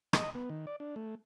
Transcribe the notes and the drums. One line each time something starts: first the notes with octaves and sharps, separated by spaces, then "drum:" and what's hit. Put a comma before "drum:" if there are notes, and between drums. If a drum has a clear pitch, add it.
D#5, drum: rim click
B3
D#3
D5
D4
A3